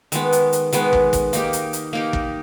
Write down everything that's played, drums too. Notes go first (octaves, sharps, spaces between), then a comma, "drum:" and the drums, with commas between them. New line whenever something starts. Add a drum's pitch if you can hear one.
D#3 G#3 B3, drum: hi-hat
drum: hi-hat
drum: hi-hat
D#3 G#3 B3, drum: hi-hat
drum: kick
drum: kick, hi-hat
A#3 D#4 G4, drum: hi-hat
drum: hi-hat
drum: hi-hat
A#3 D#4 G4
drum: kick